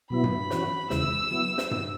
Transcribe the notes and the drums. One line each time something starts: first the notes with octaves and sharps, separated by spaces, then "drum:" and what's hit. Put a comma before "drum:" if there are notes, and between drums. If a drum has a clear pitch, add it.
B2 F#3 B3 E4 B5
drum: tom G2
E3 C#4 F#4, drum: snare
E2 C#3 G#3 E4 E6, drum: snare
F#3 B3 E4
drum: snare
drum: tom G2